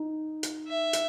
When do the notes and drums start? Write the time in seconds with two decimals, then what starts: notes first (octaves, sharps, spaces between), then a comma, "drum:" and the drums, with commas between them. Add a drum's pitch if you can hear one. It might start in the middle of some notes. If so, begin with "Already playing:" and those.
Already playing: D#4
0.43 drum: hi-hat
0.69 E5
0.93 drum: hi-hat